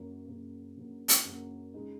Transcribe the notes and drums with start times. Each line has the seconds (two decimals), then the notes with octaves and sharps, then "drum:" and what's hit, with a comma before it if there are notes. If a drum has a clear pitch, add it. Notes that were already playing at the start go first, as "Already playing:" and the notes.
Already playing: F#2 C#3 F#3 A#3
0.27 F#2 C#3 F#3 A#3
0.76 F#2 C#3 F#3 A#3
1.08 drum: hi-hat
1.25 F#2 C#3 F#3 A#3
1.74 C#3 G#3 D#4